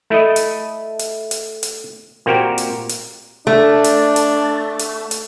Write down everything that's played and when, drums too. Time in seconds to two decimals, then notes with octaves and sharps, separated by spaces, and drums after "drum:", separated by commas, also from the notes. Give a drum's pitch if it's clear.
0.10 A3 E4 A4 D#5
0.36 drum: hi-hat
0.99 drum: hi-hat
1.31 drum: hi-hat
1.63 drum: hi-hat
2.26 A#2 A#3 C4 F#4 G4 A#4
2.58 drum: hi-hat
2.89 drum: hi-hat
3.47 A3 D4
3.84 drum: hi-hat
4.16 drum: hi-hat
4.79 drum: hi-hat
5.11 drum: hi-hat